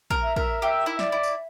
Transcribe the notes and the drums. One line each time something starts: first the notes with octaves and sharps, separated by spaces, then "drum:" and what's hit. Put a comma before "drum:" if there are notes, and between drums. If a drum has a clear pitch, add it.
A#4, drum: kick
E5
A#4, drum: kick
G4 E5
E4
D5, drum: snare
E4
drum: tambourine